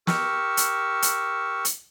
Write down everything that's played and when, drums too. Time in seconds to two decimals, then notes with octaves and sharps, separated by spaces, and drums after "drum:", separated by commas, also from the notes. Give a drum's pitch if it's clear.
0.07 G4 A#4 C#6 E6, drum: snare
0.57 drum: hi-hat
1.02 drum: hi-hat
1.65 drum: hi-hat